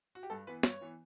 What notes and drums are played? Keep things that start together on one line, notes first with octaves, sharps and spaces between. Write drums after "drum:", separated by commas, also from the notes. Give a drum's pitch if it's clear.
F#4
G4
G2 A4
E3 B3 B4
G2 C#5, drum: snare
E3 B3